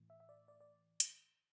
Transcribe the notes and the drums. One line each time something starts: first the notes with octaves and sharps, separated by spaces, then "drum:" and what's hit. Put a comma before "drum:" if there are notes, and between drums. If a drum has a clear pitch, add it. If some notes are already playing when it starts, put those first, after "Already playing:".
Already playing: A2 E3 A3
E5
E5
D5
D5
D5
drum: hi-hat